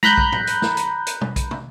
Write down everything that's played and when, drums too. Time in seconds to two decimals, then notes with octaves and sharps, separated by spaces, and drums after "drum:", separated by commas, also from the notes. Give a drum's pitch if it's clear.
0.03 A#5 B5 F#6 G6, drum: tom G#3
0.18 drum: kick B1
0.32 drum: tom A2
0.47 drum: hi-hat
0.62 drum: snare
0.77 drum: hi-hat
1.06 drum: hi-hat
1.21 drum: tom
1.36 drum: kick B1, hi-hat
1.51 drum: tom